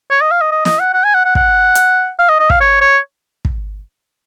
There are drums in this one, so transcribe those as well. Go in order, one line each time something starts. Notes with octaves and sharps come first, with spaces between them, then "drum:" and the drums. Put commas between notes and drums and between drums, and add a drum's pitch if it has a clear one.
C#5
D#5
F5
D#5
D#5
D#5, drum: snare
F#5
F#5
G#5
F#5
F#5
F#5, drum: kick
drum: hi-hat
F5
D#5
D#5
F5, drum: kick
C#5
C#5
drum: kick